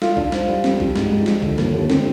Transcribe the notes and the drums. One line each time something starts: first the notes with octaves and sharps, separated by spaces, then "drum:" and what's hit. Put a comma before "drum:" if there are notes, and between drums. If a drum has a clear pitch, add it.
F4, drum: snare
D4, drum: kick B1
C5, drum: snare
G3
C4, drum: snare
F3, drum: kick B1
G#2, drum: snare
G#2
F3, drum: snare
D3, drum: kick B1
D#2, drum: snare
D#2
C4, drum: snare